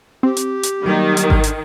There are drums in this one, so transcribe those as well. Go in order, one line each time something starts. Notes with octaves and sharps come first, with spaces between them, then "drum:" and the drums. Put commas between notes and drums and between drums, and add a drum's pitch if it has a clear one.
C4 G4
drum: hi-hat
drum: hi-hat
D#3 F#3 G3 A#3
drum: hi-hat
drum: kick G#1
drum: hi-hat